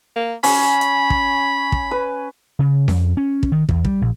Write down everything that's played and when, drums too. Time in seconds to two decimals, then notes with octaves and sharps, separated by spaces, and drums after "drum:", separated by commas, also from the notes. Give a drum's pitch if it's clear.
0.16 A#3
0.43 C#4 B5, drum: open hi-hat
0.81 drum: hi-hat
1.10 drum: kick
1.72 drum: kick
1.91 B4
2.59 C#3
2.88 F2, drum: snare C#4
3.17 C#4
3.43 drum: kick
3.52 D#3
3.69 E2, drum: kick
3.84 G3, drum: kick
4.01 A#1